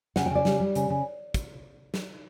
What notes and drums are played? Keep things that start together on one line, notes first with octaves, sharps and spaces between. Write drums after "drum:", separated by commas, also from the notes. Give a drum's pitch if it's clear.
C#3 F#5, drum: snare
G5
C#3 D5
G3, drum: snare
G3
C#3, drum: hi-hat
C#3
drum: kick, hi-hat
drum: snare